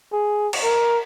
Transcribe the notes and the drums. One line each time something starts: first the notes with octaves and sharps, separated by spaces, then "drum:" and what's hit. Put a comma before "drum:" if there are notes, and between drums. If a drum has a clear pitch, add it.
G#4
drum: cymbal
A#4